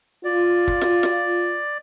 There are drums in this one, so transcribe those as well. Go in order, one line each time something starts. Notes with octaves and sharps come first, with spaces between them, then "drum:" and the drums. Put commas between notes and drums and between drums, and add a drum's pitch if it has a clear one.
F4 D5
drum: kick
drum: snare
drum: snare